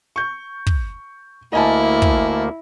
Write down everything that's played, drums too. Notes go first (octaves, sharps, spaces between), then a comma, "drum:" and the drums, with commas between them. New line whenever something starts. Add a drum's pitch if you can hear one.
C#6 G6
drum: kick
D2 A#3 E4 D#5 G#5 A5
drum: kick